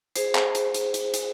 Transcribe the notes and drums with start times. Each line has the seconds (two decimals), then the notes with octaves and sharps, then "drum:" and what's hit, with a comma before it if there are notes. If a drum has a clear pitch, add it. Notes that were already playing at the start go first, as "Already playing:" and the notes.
0.16 G#4 C5, drum: hi-hat
0.35 drum: clap
0.55 drum: hi-hat
0.74 drum: hi-hat
0.94 drum: hi-hat
1.14 drum: hi-hat